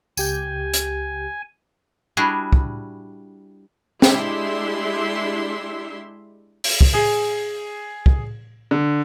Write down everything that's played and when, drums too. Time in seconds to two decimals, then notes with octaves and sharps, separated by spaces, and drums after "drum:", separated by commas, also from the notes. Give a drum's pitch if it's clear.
0.17 C#2 G4 G#5 G6, drum: tambourine
0.74 drum: hi-hat
2.17 G3 D4 E4 F#4 G#4
2.52 drum: kick
4.02 G#3 D4 E4 G4 E5 C6, drum: snare
6.64 drum: open hi-hat
6.81 drum: kick
6.94 G#4
8.06 drum: kick
8.71 D3